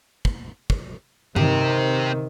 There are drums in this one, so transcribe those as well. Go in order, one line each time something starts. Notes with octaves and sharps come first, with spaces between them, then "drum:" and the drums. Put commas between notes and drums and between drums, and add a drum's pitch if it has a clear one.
drum: kick
drum: kick
C3 D#3 C4 G4, drum: tom G2